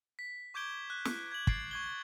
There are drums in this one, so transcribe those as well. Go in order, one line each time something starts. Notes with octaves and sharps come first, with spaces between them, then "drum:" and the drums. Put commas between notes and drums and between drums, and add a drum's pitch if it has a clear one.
B6
C#6 D6 G6 G#6 D7 G7
F#6
drum: snare
G#6 F#7
D6 A6 C7 D7, drum: kick
C#6 G#6 G7